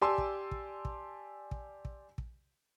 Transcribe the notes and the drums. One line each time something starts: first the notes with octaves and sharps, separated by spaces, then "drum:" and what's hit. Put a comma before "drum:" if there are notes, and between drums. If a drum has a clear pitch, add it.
G4 D5 G#5 A5 C6 E6
drum: kick
drum: kick
drum: kick
drum: kick
drum: kick
drum: kick